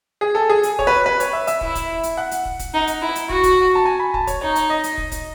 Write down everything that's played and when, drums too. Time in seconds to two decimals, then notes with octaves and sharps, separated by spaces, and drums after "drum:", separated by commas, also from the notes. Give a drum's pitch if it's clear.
0.21 G#4
0.35 A4
0.49 G#4
0.63 drum: hi-hat
0.79 C#5, drum: kick
0.87 B4
1.06 B4
1.20 C#5, drum: hi-hat
1.33 E5
1.47 E5, drum: hi-hat
1.61 E4, drum: kick
1.75 drum: kick, hi-hat
2.03 drum: hi-hat
2.17 F#5
2.31 drum: hi-hat
2.45 drum: kick
2.59 drum: kick, hi-hat
2.73 D#4
2.87 drum: hi-hat
3.02 E4
3.15 drum: hi-hat
3.30 F#4, drum: kick
3.43 drum: kick, hi-hat
3.75 A5
3.86 G#5
4.00 B5
4.14 A5, drum: kick
4.27 C#5, drum: kick, hi-hat
4.41 D#4 C#5
4.56 drum: hi-hat
4.70 D#5
4.84 drum: hi-hat
4.98 drum: kick
5.12 drum: kick, hi-hat